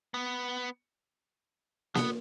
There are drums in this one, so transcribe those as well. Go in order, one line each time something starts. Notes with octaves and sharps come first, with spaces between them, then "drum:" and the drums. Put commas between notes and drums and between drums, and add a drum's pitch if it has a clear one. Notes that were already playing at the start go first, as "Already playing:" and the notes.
B3
B3, drum: snare A#3